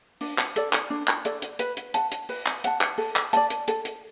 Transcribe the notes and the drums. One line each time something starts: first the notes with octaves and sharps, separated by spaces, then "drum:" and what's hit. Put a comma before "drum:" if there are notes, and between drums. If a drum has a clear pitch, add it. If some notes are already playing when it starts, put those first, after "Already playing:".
D4, drum: open hi-hat
drum: clap
A4 D5, drum: hi-hat
drum: clap
D4
drum: clap
A4 D5, drum: hi-hat
drum: hi-hat
B4, drum: hi-hat
drum: hi-hat
F#5 A5, drum: hi-hat
drum: hi-hat
B4, drum: open hi-hat
drum: clap
F#5 A5, drum: hi-hat
drum: clap
A4, drum: open hi-hat
drum: clap
D5 A5, drum: hi-hat
drum: hi-hat
A4, drum: hi-hat
drum: hi-hat